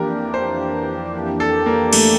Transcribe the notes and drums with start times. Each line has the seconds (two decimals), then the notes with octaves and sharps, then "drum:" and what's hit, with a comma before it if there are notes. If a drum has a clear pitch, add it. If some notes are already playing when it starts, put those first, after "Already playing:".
Already playing: F2 E3 A#3 D4 G4 A#4
0.34 C5
1.40 A4
1.66 A#3
1.93 A3, drum: cymbal